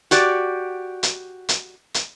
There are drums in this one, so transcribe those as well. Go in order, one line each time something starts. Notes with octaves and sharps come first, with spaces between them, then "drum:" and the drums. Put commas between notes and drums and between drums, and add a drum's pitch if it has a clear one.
F#4 G4 D5, drum: hi-hat
drum: hi-hat
drum: hi-hat
drum: hi-hat